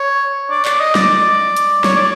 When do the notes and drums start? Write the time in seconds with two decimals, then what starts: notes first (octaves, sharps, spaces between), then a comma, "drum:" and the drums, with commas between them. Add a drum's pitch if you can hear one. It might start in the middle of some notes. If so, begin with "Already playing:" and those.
Already playing: C#5
0.50 D5
0.65 D5, drum: clap
0.80 D#5
0.95 D5, drum: snare
1.57 drum: hi-hat
1.84 C#5, drum: snare
1.96 D5